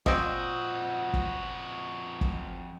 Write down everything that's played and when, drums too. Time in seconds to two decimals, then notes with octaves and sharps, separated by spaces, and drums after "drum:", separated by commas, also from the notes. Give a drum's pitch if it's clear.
0.06 F2 A#2 C4 F#4 D#5, drum: kick
1.14 drum: kick
2.21 drum: kick